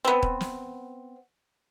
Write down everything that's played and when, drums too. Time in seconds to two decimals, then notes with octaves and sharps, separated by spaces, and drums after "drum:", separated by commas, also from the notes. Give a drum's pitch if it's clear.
0.05 B3 C4
0.23 drum: kick D#1
0.41 drum: snare